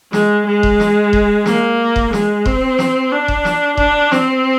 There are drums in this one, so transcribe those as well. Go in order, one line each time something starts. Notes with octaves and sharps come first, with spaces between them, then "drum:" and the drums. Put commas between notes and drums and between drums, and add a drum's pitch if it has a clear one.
G#3, drum: snare
G#3
drum: kick D#1
drum: snare
drum: kick D#1
A#3, drum: snare
drum: kick D#1
G#3, drum: snare
C4, drum: kick D#1
drum: snare
D4
drum: kick D#1
drum: snare
D4, drum: kick D#1
C4, drum: snare